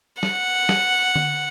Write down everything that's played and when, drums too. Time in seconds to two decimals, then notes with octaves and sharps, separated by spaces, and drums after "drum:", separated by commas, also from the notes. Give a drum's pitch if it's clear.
0.23 F#5, drum: snare
0.69 drum: snare
1.16 drum: tom D3